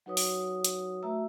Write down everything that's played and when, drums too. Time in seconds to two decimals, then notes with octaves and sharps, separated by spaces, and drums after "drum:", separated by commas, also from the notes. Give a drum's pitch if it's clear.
0.06 F#3 D#4 F#4 B4 C#5 D#6
0.17 drum: open hi-hat
0.64 drum: hi-hat
1.03 A3 F#4 E5 A#5 E6